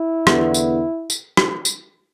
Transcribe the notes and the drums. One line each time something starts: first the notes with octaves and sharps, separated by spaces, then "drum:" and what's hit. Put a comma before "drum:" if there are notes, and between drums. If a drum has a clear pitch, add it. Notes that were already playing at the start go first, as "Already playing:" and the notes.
Already playing: E4
E2 D3 B3, drum: rim click
drum: tambourine
drum: tambourine
drum: rim click
drum: tambourine